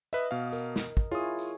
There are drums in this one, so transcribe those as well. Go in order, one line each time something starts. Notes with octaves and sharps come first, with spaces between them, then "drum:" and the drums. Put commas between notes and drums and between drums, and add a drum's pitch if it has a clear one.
B4 D#5 E5, drum: tambourine
B2 F5, drum: tambourine
A#4, drum: tambourine
drum: snare
drum: kick
E4 F4 G#4 C#5 D#6
drum: tambourine